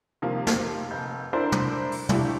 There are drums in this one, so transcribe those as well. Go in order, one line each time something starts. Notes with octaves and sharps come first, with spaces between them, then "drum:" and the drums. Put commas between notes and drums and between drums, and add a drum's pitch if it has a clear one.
C3 D#3 F3 G3 A#3
drum: snare
F1 G6
D4 E4 A4 A#4 C5 D5
drum: tom
drum: open hi-hat
F3 A3 D4 E4 G4, drum: tom